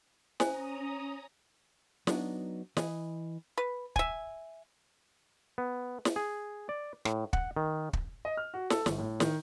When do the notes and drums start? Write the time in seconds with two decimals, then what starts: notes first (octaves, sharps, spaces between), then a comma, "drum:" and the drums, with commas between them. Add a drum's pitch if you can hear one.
0.40 C#4 C5 G#5 A#5 D#6, drum: snare
2.07 F#3 B3 D4 D#4, drum: snare
2.77 E3 D#5, drum: snare
3.58 B4
3.96 E5 G#5, drum: kick
5.58 B3
6.05 drum: snare
6.16 G#4
6.69 D5
7.05 A2, drum: rim click
7.33 F#5, drum: kick
7.56 D#3
7.93 drum: kick
8.25 D#5
8.37 F6
8.54 F#4
8.70 A4, drum: snare
8.86 G1, drum: snare
8.98 A2
9.20 D#3, drum: snare